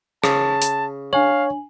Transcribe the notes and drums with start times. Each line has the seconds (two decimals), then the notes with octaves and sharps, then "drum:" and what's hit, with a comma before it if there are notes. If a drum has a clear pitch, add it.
0.24 C#3 A5, drum: rim click
0.62 drum: hi-hat
1.13 D4 C#5 F5 G#5 F#7